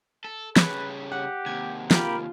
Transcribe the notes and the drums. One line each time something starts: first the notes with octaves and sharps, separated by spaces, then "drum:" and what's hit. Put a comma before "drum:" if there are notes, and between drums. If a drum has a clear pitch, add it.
A4
C#3 G3 B4, drum: snare
G4 F#5
D#2 C3 G#6
A#3 F4 G4 A#4 B5, drum: snare